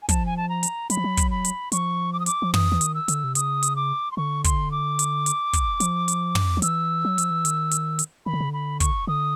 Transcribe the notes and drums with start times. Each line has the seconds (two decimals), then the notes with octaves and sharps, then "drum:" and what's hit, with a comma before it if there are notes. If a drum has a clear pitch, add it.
0.02 G#5
0.09 F3 A5, drum: kick, hi-hat
0.26 G#5
0.37 A5
0.49 A#5
0.63 drum: hi-hat
0.90 F#3 B5, drum: hi-hat
0.97 F3
1.04 F#3
1.17 drum: kick, hi-hat
1.31 B5
1.45 drum: hi-hat
1.72 F3 C#6, drum: hi-hat
2.13 D6
2.20 D#6
2.26 D6, drum: hi-hat
2.42 F3
2.54 E3 D#6, drum: tom
2.72 E3
2.81 D#3, drum: hi-hat
2.94 E6
3.08 D3, drum: hi-hat
3.24 C3
3.35 C#3 D#6, drum: hi-hat
3.63 drum: hi-hat
3.76 D6
4.12 C6
4.17 D3 C#6
4.44 C6, drum: kick, hi-hat
4.72 D6
4.99 drum: hi-hat
5.26 drum: hi-hat
5.53 drum: kick, hi-hat
5.80 F3, drum: hi-hat
6.08 drum: hi-hat
6.35 drum: tom
6.57 F3
6.62 E3 E6, drum: hi-hat
7.05 F#3
7.18 F3, drum: hi-hat
7.31 E3
7.45 D#3, drum: hi-hat
7.71 drum: hi-hat
7.99 drum: hi-hat
8.26 D#3 B5
8.33 D3
8.40 C#3
8.49 D3 B5
8.80 C#6, drum: kick, hi-hat
9.07 D3 D#6